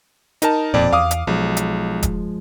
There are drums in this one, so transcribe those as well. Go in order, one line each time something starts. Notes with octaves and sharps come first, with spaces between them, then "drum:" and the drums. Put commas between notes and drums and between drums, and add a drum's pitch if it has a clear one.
D#4 A#4 A5, drum: hi-hat
E1 F2 A#2 D5
E2 F5 D6 D#6
drum: hi-hat
B1 F3 G#3
drum: hi-hat
drum: kick D#1, hi-hat